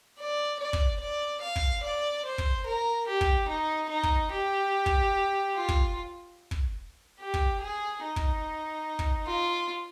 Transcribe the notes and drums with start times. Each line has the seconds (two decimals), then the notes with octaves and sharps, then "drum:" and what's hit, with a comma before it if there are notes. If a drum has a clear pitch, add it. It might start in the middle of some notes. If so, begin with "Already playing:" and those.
0.18 D5
0.59 D5
0.73 drum: kick
1.00 D5
1.41 F5
1.56 drum: kick
1.83 D5
2.25 C5
2.38 drum: kick
2.66 A#4
3.07 G4
3.21 drum: kick
3.48 D#4
3.89 D#4
4.03 drum: kick
4.31 G4
4.86 drum: kick
5.54 F4
5.69 drum: kick
6.51 drum: kick
7.19 G4
7.34 drum: kick
7.61 G#4
8.03 D#4
8.16 drum: kick
8.99 drum: kick
9.26 F4